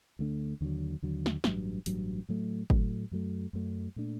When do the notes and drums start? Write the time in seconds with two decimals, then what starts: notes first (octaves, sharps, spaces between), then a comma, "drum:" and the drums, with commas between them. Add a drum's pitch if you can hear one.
0.19 D2 D3 A3 D4
0.61 D#2 D3 F#3
1.02 D#2 D3 F#3
1.26 drum: snare
1.44 A1 G2 F#3, drum: snare
1.86 A1 G2 F#3, drum: hi-hat
2.29 A2 F#3 A3
2.70 A2 F#3 A3, drum: kick
3.11 F#2 F#3 A3
3.53 F#2 F#3 A3
3.96 A#2 A3 D4